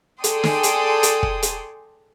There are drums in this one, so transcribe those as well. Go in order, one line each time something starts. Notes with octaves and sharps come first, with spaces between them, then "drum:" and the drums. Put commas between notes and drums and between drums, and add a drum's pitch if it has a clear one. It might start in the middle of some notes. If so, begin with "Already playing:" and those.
G#4 A4 D5 G5 C6 D#6, drum: hi-hat
drum: snare
drum: hi-hat
drum: hi-hat
drum: kick
drum: hi-hat